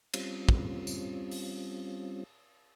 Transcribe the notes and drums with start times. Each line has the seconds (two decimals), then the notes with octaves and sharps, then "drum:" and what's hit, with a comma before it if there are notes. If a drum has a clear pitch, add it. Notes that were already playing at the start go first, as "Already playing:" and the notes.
0.14 G3 C4 C#4 F4, drum: cymbal
0.49 drum: kick
0.87 drum: tambourine
1.31 drum: open hi-hat